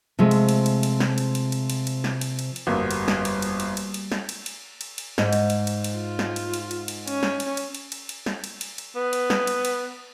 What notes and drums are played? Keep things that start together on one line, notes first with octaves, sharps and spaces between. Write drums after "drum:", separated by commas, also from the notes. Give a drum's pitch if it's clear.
C3 F3 G#3 A3
drum: cymbal
drum: cymbal
drum: cymbal
drum: cymbal
drum: snare
drum: cymbal
drum: cymbal
drum: cymbal
drum: cymbal
drum: cymbal
drum: snare
drum: cymbal
drum: cymbal
drum: cymbal
G1 F2 G3 A#3 F#4
drum: cymbal
drum: snare
drum: cymbal
drum: cymbal
drum: cymbal
drum: cymbal
drum: cymbal
drum: snare
drum: cymbal
drum: cymbal
drum: cymbal
drum: cymbal
G#2, drum: snare
drum: cymbal
drum: cymbal
drum: cymbal
drum: cymbal
F4
drum: snare
drum: cymbal
drum: cymbal
drum: cymbal
drum: cymbal
C#4, drum: cymbal
drum: snare
drum: cymbal
drum: cymbal
drum: cymbal
drum: cymbal
drum: cymbal
drum: snare
drum: cymbal
drum: cymbal
drum: cymbal
B3
drum: cymbal
drum: snare
drum: cymbal
drum: cymbal